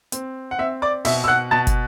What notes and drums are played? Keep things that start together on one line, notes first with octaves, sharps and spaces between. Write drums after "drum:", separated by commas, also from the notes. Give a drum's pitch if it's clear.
C4, drum: hi-hat
F#5
C4 E5
D5 D6
B2 E5 E6, drum: open hi-hat
E6
F#5 F#6
B2 A5 A6
drum: kick, hi-hat